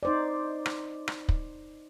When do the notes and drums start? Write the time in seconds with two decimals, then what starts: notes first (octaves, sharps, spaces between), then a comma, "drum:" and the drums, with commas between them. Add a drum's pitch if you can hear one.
0.03 D#4 C5 D5
0.66 drum: rim click
1.08 drum: rim click
1.29 drum: kick